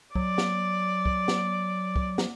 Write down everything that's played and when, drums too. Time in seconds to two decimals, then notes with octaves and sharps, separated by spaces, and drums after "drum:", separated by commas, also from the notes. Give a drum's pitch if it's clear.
0.15 F#3 D5, drum: kick
0.38 drum: snare
1.06 drum: kick
1.28 drum: snare
1.96 drum: kick
2.18 drum: snare